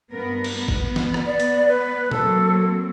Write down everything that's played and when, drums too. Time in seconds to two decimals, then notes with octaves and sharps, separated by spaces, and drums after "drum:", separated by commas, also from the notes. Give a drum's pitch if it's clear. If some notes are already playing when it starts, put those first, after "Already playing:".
0.11 G2 B3 A#4
0.44 drum: cymbal
0.54 B3
0.68 drum: kick G#1
0.96 drum: snare
1.14 drum: rim click
1.27 D5
1.40 drum: hi-hat
1.69 B4
2.11 F#3 A#3 C4 A4, drum: tom A#2